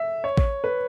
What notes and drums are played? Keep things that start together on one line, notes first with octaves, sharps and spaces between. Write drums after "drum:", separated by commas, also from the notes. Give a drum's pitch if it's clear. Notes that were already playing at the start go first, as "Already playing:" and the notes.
Already playing: E5
C#5
drum: kick A1
B4